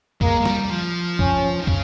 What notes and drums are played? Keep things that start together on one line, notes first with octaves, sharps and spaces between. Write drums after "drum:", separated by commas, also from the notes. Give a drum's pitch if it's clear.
G#3 A#3, drum: kick
G#3
G3, drum: snare
G3
F3
C#4, drum: kick
D#3
C#3, drum: kick